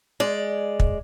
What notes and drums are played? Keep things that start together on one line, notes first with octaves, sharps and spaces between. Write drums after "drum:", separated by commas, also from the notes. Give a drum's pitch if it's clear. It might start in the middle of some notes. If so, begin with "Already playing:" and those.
G#3 D5
drum: kick